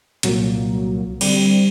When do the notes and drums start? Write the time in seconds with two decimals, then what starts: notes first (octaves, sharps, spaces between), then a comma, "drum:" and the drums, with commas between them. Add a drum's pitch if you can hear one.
0.23 C2 A#2 F#3 A#3, drum: hi-hat
1.21 D3 G3 C4, drum: cymbal